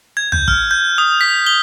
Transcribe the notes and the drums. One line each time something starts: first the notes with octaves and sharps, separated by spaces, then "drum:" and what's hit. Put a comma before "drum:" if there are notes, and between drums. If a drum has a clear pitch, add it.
G#6
G6, drum: tom
F6, drum: kick
G6
D#6
B6
G7